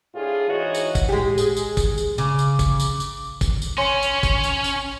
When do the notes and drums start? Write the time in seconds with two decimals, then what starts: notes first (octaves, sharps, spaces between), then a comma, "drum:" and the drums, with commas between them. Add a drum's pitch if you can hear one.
0.15 A2 D4 F4 G#4
0.48 G#2 E3 F#4 C#5 D#5
0.75 drum: tambourine
0.95 drum: kick G#1, tambourine
1.09 A2 G#3 G4
1.38 G#4, drum: tambourine
1.57 drum: tambourine
1.77 drum: kick G#1, tambourine
1.98 drum: tambourine
2.18 C#3 D6, drum: tambourine
2.39 drum: tambourine
2.59 drum: kick G#1, tambourine
2.80 drum: tambourine
3.00 drum: tambourine
3.41 drum: kick G#1, tambourine
3.62 drum: tambourine
3.78 C#4 C#5 G#5 C6
4.03 drum: tambourine
4.23 drum: kick G#1, tambourine
4.44 drum: tambourine
4.64 drum: tambourine